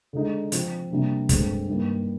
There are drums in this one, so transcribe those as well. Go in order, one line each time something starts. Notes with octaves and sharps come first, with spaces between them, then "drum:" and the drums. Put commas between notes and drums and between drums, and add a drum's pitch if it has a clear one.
D3 G#3 D#4
F3 C4 F4, drum: hi-hat
C3 G3 A#3 D4
G2 D3 G#3 C4 G4, drum: kick, hi-hat
G2 D#3 G3 A#3